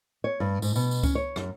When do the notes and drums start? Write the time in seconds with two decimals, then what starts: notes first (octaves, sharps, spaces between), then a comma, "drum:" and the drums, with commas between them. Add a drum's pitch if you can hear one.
0.24 C#5
0.40 G2
0.62 G#2, drum: tambourine
0.76 B2, drum: tambourine
0.91 drum: tambourine
1.03 C#4, drum: kick C#2, tambourine
1.15 C#5
1.36 F#2, drum: rim click